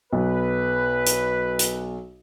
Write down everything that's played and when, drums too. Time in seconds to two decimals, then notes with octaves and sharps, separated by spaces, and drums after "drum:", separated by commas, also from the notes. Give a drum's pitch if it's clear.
0.13 B1 B4
1.06 drum: hi-hat
1.59 drum: hi-hat